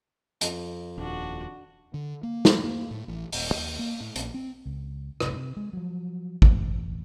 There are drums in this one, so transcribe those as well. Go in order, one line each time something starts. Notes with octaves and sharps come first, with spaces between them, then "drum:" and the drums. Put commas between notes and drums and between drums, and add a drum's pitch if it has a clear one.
F2, drum: hi-hat
D#1 D4 F#4
D3
A#3
drum: snare
A#3
A2
A1
D#1, drum: open hi-hat
D#2
A#3
A2
A#1, drum: hi-hat
C4
C#2
F#1 C2 A2 C3, drum: rim click
C3
G#3
F3 F#3
E1 A1, drum: kick